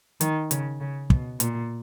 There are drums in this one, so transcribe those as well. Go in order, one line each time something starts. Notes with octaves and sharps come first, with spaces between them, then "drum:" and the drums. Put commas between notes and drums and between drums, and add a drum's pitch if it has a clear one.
D#3, drum: hi-hat
C#3, drum: hi-hat
C#3
B2, drum: kick
A#2, drum: hi-hat